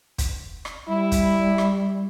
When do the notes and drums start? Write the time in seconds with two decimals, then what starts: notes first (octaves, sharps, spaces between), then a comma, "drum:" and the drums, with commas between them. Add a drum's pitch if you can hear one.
0.18 drum: kick, hi-hat
0.65 drum: rim click
0.88 G3 E4
1.12 drum: kick, hi-hat
1.58 drum: rim click